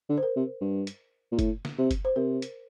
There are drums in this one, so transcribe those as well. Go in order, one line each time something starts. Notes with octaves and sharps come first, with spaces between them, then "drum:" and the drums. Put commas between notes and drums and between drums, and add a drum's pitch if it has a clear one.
D3
C5
A#4
C3
G2
drum: hi-hat
A#2
A2, drum: kick F#1, hi-hat
drum: snare
C3
drum: kick F#1, hi-hat
C5
C3 A#4
drum: hi-hat